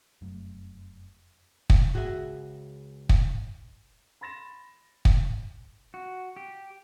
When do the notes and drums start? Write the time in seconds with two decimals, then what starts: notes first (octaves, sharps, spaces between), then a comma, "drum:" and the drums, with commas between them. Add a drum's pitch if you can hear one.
0.21 F1 F#2 F#3 A3
1.70 drum: kick
1.94 C#2 F#4 G#4 E5
3.09 drum: kick
4.21 B5 C6 A6 A#6 E7
5.05 drum: kick
5.94 F#4
6.36 G4